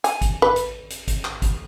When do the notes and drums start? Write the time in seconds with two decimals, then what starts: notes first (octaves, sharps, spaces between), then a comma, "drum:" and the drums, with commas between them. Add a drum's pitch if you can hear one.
0.04 G#5, drum: hi-hat
0.21 drum: kick G1, hi-hat
0.42 B4
0.56 drum: hi-hat
0.90 drum: hi-hat
1.08 drum: kick G1, hi-hat
1.25 drum: clap
1.42 drum: kick G1, hi-hat